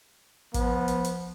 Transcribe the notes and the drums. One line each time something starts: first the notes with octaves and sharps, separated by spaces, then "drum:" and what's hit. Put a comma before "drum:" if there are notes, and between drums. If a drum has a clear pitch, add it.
F3 B3, drum: kick, hi-hat
drum: hi-hat
drum: hi-hat